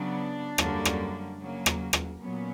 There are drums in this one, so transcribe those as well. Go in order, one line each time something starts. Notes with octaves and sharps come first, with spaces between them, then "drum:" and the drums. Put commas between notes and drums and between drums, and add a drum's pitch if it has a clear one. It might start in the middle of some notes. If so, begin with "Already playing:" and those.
Already playing: C#3 F#3 B3 D4
F#2 D3 G3 A#3 C#4, drum: rim click
drum: rim click
C#3 F#3 A#3
drum: rim click
drum: rim click
A#2 F#3 B3 C#4